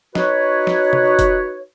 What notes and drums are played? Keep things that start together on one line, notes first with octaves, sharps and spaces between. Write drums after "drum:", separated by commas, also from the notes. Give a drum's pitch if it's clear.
D#4 F#4 B4 C#5, drum: snare
drum: snare
drum: tom C3
drum: kick, hi-hat